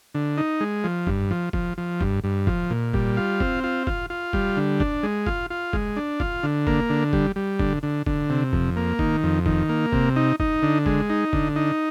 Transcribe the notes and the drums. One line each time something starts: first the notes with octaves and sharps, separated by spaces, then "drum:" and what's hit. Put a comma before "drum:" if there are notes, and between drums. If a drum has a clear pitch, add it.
D3
D#4
G#3
F3
G2, drum: kick F1
F3
F3, drum: kick F1
F3
G2, drum: kick F1
G2
F3, drum: kick F1
A#2
G3, drum: kick F1
F4
C4, drum: kick F1
F4
F4, drum: kick F1
F4
G3, drum: kick F1
D3
D4, drum: kick F1
G#3
F4, drum: kick F1
F4
G#3, drum: kick F1
D4
F4, drum: kick F1
D3
A#3, drum: kick F1
D3
G3, drum: kick F1
G3
D3, drum: kick F1
D3
D3, drum: kick F1
C3
F2, drum: kick F1
A#3
D#3, drum: kick F1
F2
D#3, drum: kick F1
A#3
C3, drum: kick F1
D#4
D#4, drum: kick F1
D3
G#3, drum: kick F1
D#4
D3, drum: kick F1
D#4